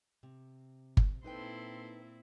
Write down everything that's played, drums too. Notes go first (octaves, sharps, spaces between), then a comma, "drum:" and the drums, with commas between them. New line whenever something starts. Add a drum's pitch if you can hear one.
C3
drum: kick G1
A#2 C4 D#4 E4 A4 B4 G5 C6